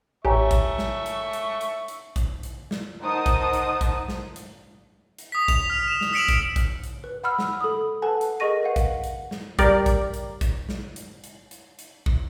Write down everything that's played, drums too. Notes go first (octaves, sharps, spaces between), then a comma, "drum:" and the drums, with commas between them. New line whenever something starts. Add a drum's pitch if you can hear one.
A1 G4 C#5 E5 G#5 A#5 C#6
drum: kick, hi-hat
drum: snare
drum: hi-hat
drum: hi-hat
drum: hi-hat
drum: hi-hat
drum: kick, hi-hat
drum: hi-hat
drum: snare
D#4 A#4 C5 F#5 A5 D#6
drum: kick, hi-hat
drum: hi-hat
drum: kick, hi-hat
drum: snare
drum: hi-hat
drum: hi-hat
D#6 B6
F7, drum: kick, hi-hat
F6
E7
drum: snare
E6 B6 C#7 D7 E7 F#7
drum: kick, hi-hat
drum: kick, hi-hat
drum: hi-hat
B4
F#5 B5 E6 F6
drum: snare
A4 B5 D#6
A4 B4 F#5 G#5 A5
drum: hi-hat
G#4 A#4 D#5 C#6 A#6 D#7
B4 F5 F#5
drum: kick, hi-hat
drum: hi-hat
drum: snare
G3 G4 A#4 D5, drum: kick, hi-hat
drum: kick, hi-hat
drum: hi-hat
drum: kick, hi-hat
drum: snare
drum: hi-hat
drum: hi-hat
drum: hi-hat
drum: hi-hat
drum: kick